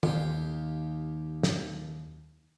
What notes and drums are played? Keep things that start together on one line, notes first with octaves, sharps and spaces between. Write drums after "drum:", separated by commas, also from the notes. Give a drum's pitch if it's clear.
D#2 G4 C6, drum: tom
drum: snare